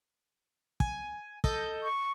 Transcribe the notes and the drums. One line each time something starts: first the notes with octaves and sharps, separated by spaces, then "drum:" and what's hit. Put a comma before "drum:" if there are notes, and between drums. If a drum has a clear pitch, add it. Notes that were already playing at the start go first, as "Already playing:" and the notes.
G#5, drum: kick
A4 D#5 G6, drum: kick
C#6